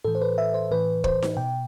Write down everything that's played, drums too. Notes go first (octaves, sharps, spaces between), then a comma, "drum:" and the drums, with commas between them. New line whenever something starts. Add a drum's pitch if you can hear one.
A2 E3 A4
C5
B4
E5
C5
A2 E3 B4
C5, drum: kick
drum: snare D#4
B2 G5